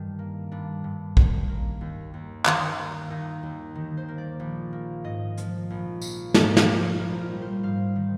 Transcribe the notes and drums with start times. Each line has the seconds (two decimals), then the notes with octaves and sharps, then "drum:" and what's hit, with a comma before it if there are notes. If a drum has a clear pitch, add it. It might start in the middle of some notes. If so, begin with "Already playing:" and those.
Already playing: G2 D#3 D4
0.19 A#3
0.51 G2 D4
0.84 G2
1.17 D#3, drum: kick
1.49 A#3
1.81 D#2
2.14 D#2
2.45 D#3 D#4, drum: clap
2.78 A#3
3.10 D#2 D#4
3.43 D#2
3.75 D#3
3.97 C5
4.08 A#3
4.18 D5
4.40 A#1
4.73 A#3
5.04 G#2 D#5
5.37 F3, drum: hi-hat
5.70 A#1
6.01 A#3, drum: tambourine
6.34 G#2 D#5, drum: snare
6.57 D5, drum: snare
6.67 F3
6.77 C5
6.99 A#1 A#4
7.20 A#4
7.32 G3
7.42 C5
7.63 G#2 F5
7.96 D#3